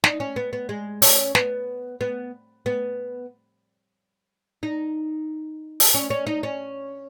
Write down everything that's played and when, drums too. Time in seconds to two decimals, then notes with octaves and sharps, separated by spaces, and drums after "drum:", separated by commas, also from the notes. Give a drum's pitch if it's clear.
0.04 D#4, drum: snare
0.20 C#4
0.36 B3
0.53 B3
0.69 G#3
1.02 C#4, drum: open hi-hat
1.35 B3, drum: snare
2.01 B3
2.66 B3
4.63 D#4
5.80 drum: open hi-hat
5.94 C#4
6.10 C#4
6.27 D#4
6.43 C#4